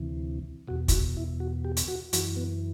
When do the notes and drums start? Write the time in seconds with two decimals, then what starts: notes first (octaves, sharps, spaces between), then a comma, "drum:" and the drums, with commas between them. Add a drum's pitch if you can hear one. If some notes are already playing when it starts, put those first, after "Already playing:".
Already playing: D2 C3 E3
0.68 E2 B2 F#4
0.88 E4, drum: kick, hi-hat
0.92 F#4
1.17 E4
1.40 F#4
1.64 G4
1.77 drum: hi-hat
1.88 F#4
2.13 F#2 E3 F#4, drum: hi-hat
2.37 B3